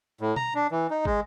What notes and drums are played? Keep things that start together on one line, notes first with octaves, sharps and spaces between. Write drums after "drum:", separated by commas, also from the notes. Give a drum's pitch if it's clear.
A2
A#5, drum: tom B2
D4
E3
D#4
G#3, drum: kick